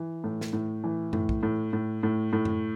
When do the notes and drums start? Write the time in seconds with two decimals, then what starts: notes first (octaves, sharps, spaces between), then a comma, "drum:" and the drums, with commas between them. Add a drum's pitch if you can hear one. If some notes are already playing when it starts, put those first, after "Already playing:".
Already playing: E3
0.24 A2
0.41 drum: snare
0.53 A2
0.84 E3
1.13 A2, drum: tom F#2
1.29 drum: kick B1
1.43 A2
1.73 A2
2.03 A2
2.33 A2
2.45 drum: tom F#2